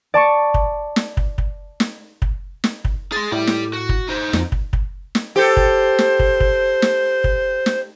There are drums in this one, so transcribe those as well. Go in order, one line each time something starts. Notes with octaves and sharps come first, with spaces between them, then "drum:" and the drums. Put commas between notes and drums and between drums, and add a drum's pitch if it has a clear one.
D5 A5 C#6 C#7
drum: kick
drum: snare
drum: kick
drum: kick
drum: snare
drum: kick
drum: snare
drum: kick
G#4 C6 A6
A2 G4 D5
drum: snare
F#4
drum: kick
D#4 C5
F2, drum: snare
drum: kick
drum: kick
drum: snare
G4 A4 C5
drum: kick
drum: snare
drum: kick
drum: kick
drum: snare
drum: kick
drum: snare